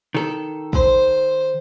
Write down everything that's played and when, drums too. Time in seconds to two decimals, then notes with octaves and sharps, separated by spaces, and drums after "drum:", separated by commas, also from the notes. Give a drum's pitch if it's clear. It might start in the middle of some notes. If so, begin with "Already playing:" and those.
0.15 D#3 A4
0.73 C5, drum: kick